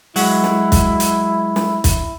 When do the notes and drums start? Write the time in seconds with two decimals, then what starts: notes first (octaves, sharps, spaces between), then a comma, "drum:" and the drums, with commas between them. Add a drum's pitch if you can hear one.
0.16 F#3 G#3 E4 F#4, drum: open hi-hat
0.44 drum: snare
0.72 drum: kick, hi-hat
1.00 drum: hi-hat
1.56 drum: snare
1.84 drum: kick, hi-hat